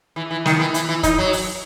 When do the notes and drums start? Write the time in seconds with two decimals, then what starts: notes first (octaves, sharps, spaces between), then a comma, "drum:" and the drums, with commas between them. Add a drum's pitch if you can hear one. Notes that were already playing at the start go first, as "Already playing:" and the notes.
0.16 E3
0.31 E3
0.46 D#3, drum: snare
0.60 E3
0.74 E3, drum: hi-hat
0.89 E3
1.03 D#4, drum: kick, hi-hat
1.18 F#3
1.33 drum: open hi-hat